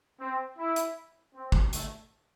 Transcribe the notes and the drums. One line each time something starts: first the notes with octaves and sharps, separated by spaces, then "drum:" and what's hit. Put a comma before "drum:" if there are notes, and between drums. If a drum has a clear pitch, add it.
C4
E4
drum: hi-hat
C4
drum: kick
A3, drum: hi-hat